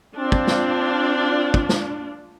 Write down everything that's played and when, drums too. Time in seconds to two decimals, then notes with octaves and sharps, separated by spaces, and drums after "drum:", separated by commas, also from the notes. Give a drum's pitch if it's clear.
0.17 C4 D4 F4
0.32 drum: kick
0.47 drum: snare
1.54 drum: kick
1.69 drum: snare